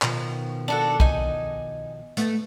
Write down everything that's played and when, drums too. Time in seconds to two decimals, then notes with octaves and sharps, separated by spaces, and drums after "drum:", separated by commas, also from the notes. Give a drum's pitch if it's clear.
0.02 B2 D#3 F3, drum: clap
0.68 D4 F#4 A4
1.00 D#4 G#5, drum: kick
2.17 A3 B3, drum: hi-hat